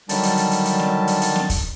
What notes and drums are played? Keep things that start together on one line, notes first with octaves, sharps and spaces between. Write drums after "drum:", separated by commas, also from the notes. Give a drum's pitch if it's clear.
D3 D#3 F#3 G3 A5, drum: hi-hat
drum: hi-hat
drum: hi-hat
drum: hi-hat
drum: hi-hat
drum: snare
drum: hi-hat
drum: hi-hat
drum: snare
drum: kick, hi-hat